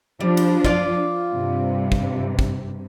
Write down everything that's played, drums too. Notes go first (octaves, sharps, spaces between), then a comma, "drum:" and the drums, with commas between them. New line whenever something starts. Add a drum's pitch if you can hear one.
F3 G3 D4
drum: cymbal
F4 D5 F5, drum: kick
G2 C3
drum: kick
drum: kick